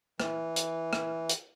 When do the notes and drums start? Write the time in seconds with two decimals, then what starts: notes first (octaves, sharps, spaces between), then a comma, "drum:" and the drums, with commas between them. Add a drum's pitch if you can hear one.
0.20 E3, drum: rim click
0.56 drum: hi-hat
0.93 drum: rim click
1.29 drum: hi-hat